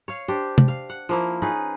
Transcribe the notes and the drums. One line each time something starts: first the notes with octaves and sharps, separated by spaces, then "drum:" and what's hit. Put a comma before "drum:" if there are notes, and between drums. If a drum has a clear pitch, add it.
C#5 F5
D4 G4 C5
drum: tom C3
F5
F#5
F3 A#3 E4
C#4 D#4 G#4 B4